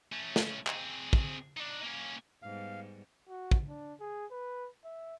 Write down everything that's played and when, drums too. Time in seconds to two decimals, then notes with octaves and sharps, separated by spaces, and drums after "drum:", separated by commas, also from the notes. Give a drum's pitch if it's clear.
0.12 A3 C#4
0.36 drum: snare
0.67 C4 G#4, drum: clap
1.13 drum: kick
1.57 D4 D#4
1.83 A#3 C#4
2.42 G#2 G3 B3 F5
3.29 F#4
3.51 drum: kick
3.69 D4
4.00 G#4
4.31 B4
4.85 E5